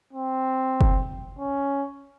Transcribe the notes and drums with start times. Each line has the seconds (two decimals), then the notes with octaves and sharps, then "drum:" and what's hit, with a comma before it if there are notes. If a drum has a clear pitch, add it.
0.13 C4
0.81 drum: kick F#1
1.39 C#4